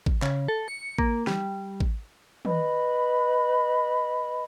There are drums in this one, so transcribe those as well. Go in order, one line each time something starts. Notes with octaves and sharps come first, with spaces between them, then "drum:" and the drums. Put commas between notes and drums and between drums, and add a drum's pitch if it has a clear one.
drum: kick A1
C#3, drum: clap
A4
C#7
A#3, drum: kick A1
G3, drum: snare
drum: kick A1
B4 D#5 B5, drum: tom D#3